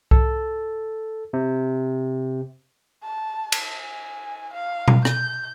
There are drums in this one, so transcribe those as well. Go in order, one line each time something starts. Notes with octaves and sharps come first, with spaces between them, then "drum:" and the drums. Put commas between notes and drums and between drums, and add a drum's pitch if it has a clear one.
A4, drum: kick C2
C3
A5
drum: cymbal
G#5
F5
drum: tom B2
G6, drum: rim click